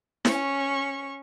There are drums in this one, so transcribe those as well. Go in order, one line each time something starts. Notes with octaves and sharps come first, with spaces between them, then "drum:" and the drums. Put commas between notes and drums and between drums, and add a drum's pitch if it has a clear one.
C#4 C#6, drum: snare E4